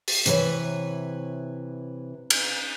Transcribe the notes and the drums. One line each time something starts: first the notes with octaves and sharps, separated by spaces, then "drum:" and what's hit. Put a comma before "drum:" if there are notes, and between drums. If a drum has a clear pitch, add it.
drum: open hi-hat
C3 E3 B4 C#5, drum: hi-hat
drum: cymbal